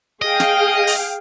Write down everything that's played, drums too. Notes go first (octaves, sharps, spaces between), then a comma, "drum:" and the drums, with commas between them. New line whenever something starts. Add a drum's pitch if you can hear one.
G#4 D#5 F5 G5
drum: snare
drum: open hi-hat